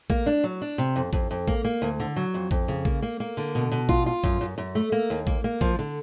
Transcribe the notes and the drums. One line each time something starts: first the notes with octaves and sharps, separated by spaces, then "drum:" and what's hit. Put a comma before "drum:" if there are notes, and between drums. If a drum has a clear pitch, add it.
A#3, drum: kick A1
D4
F#3
D4
C3
F2
F2, drum: kick A1
F2
A#3, drum: kick A1
A#3
D2
D3
F#3
F2
F2, drum: kick A1
C#3
A#3, drum: kick A1
A#3
A#3
D3
B2
B2
F4, drum: kick A1
F4
F#2, drum: kick A1
F#2
F#2
A3
A#3
D#2
A#3, drum: kick A1
A#3
F3, drum: kick A1
D3